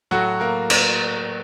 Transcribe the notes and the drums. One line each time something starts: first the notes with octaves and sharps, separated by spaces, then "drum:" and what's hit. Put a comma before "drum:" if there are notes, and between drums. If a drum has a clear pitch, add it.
A2 F#3 A3 F#4
A#3 A#4
A#3 A#4, drum: cymbal